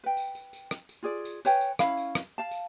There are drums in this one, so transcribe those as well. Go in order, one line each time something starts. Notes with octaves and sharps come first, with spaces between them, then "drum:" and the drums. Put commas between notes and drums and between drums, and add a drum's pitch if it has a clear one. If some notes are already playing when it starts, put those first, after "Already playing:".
B4 G5
drum: tambourine
drum: tambourine
drum: tambourine
drum: rim click
drum: tambourine
F4 G#4 D5
drum: tambourine
B4 C#5 G5 G#5, drum: tambourine
drum: tambourine
C#4 E4 F5 B5, drum: rim click
drum: tambourine
drum: rim click
F5 A5
drum: tambourine